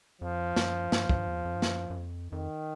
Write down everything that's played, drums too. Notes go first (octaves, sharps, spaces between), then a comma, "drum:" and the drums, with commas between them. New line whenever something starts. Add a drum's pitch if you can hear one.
F2 F3
F#2, drum: snare
G2, drum: snare
G2, drum: kick
E2
F2
G2
F#2, drum: snare
F#2
F2
F2 D#3